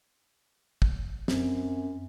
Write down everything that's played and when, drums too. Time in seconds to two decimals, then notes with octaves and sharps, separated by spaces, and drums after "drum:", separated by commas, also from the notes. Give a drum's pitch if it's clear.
0.82 drum: kick
1.28 F#2 C4, drum: snare